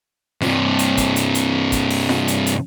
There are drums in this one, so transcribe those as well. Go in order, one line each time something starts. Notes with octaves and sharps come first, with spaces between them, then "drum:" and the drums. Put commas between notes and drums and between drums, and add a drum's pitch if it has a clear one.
G2 C3, drum: snare F4
drum: hi-hat
drum: kick, hi-hat
drum: hi-hat
drum: hi-hat
drum: kick, hi-hat
drum: open hi-hat
drum: snare F4
drum: hi-hat
drum: hi-hat